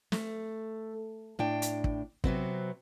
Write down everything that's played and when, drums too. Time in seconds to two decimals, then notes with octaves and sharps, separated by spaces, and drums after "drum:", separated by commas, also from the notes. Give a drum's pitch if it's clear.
0.12 A3, drum: snare
1.39 A2 D4 G5
1.62 drum: hi-hat
1.84 drum: kick
2.24 C3 F#3 B3 C4, drum: kick